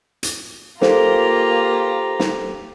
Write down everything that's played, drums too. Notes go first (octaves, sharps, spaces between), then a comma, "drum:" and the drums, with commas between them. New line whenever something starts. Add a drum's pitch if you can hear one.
drum: hi-hat
A#3 F4 G4 A4 C5 A#5, drum: snare
drum: snare